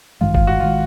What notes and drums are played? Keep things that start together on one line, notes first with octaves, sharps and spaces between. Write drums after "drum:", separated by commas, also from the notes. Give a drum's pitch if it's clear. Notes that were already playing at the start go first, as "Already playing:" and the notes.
A1 G2 D#3 G#3 F4
F4, drum: kick
F#4
A1 D#3 G#3 F4